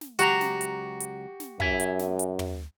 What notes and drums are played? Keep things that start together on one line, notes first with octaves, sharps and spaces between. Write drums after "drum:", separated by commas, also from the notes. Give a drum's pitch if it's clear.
drum: snare
C#2 F#3 F#4 G4 A#5, drum: hi-hat
drum: snare
drum: hi-hat
drum: hi-hat
drum: snare
F#2 E5 G#5, drum: kick
drum: hi-hat
drum: snare
drum: hi-hat
drum: tom